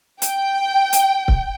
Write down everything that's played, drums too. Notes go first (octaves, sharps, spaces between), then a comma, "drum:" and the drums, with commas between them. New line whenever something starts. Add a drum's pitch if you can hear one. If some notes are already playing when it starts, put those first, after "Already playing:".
G5, drum: hi-hat
drum: hi-hat
drum: kick C#1